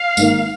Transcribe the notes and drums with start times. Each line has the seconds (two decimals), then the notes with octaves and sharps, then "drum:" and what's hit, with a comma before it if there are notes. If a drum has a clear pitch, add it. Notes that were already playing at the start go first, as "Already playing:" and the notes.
Already playing: F5
0.17 G#1 G#2 D#3 A#3, drum: tambourine